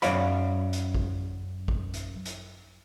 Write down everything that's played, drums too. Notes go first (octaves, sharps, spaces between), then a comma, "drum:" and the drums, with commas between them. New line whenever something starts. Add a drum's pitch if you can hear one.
F#2 C#5 D5 F5 B5, drum: hi-hat
drum: hi-hat
drum: kick G#1
drum: kick G#1
drum: hi-hat
drum: hi-hat